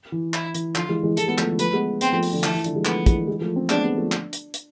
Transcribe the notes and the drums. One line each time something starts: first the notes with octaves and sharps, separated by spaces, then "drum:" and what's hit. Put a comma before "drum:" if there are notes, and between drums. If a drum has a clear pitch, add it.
E3
E4, drum: clap
E3, drum: hi-hat
D3 F3 F4, drum: clap
E3 G#3
E3 G#3
E3 G#3 A4, drum: hi-hat
G#3 B3
F3 A3, drum: clap
D3 F3
F3 A3 B4, drum: hi-hat
G#3 B3
G#3 B3 C4, drum: hi-hat
F3 A3
drum: open hi-hat
D3 F3
E3 A3, drum: clap
E3
D3 F3, drum: hi-hat
E3 G#3
F3 A3 B3, drum: clap
E3 G#3, drum: kick, hi-hat
E3 G#3
F3 A3
A3 C4
G#3 B3 D4, drum: clap
G#3 B3
F3 A3
drum: clap
drum: hi-hat
drum: hi-hat